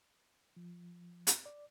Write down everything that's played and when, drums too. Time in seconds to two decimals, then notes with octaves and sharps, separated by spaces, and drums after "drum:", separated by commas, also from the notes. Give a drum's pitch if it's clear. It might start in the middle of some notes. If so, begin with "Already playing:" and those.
0.56 F3
1.27 drum: hi-hat
1.46 D5